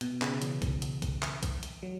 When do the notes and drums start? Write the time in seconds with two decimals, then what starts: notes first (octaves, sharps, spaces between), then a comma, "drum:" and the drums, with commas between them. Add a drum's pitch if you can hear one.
0.01 B2, drum: hi-hat
0.22 C#3, drum: clap
0.42 E3, drum: hi-hat
0.62 drum: kick, hi-hat
0.82 drum: hi-hat
1.02 drum: kick, hi-hat
1.22 drum: clap
1.43 drum: kick, hi-hat
1.63 drum: hi-hat
1.83 F#3